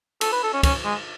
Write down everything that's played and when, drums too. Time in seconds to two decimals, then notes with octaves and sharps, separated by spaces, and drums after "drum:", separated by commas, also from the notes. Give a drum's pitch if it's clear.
0.21 A4, drum: cymbal
0.32 B4
0.43 A4
0.53 C#4
0.63 C#4, drum: kick, cymbal
0.84 G#3